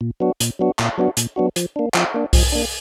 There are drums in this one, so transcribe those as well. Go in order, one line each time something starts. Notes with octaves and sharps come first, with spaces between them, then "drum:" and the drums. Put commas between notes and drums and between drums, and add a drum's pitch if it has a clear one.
A#2
F#3 B3 D4 F#4
A#2, drum: hi-hat
F#3 B3 D4 F#4
A#2, drum: clap
F#3 B3 D4 F#4
A#2, drum: hi-hat
F#3 B3 D4 F#4
F3, drum: hi-hat
A#3 D4
F3, drum: clap
A#3 D4
F3, drum: kick B1, open hi-hat
A#3 D4